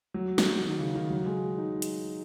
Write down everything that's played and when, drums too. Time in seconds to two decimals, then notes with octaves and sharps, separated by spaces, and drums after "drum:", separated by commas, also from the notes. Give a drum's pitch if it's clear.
0.14 F#3
0.38 drum: snare
0.62 D#3
0.79 C#3
0.95 D#3
1.10 F#3
1.26 G#3
1.58 D#4
1.82 drum: hi-hat